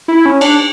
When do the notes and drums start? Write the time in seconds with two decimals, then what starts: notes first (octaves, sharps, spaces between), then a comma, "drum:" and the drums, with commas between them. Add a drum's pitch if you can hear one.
0.08 E4
0.26 C#4
0.41 D4, drum: cymbal